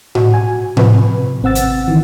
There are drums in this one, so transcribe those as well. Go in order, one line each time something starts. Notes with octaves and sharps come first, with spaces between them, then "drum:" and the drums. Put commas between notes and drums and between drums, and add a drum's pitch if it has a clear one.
F#4, drum: tom A2
G#5
C3 F3 B4, drum: tom A2
G#1 C4 F#5 E6 A6
drum: hi-hat
D#3 E3